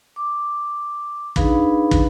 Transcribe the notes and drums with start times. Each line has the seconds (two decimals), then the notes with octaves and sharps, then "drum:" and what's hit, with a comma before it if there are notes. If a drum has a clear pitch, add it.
0.16 D6
1.36 D4 D#4 G#4 B4 F5 B5, drum: kick
1.91 drum: kick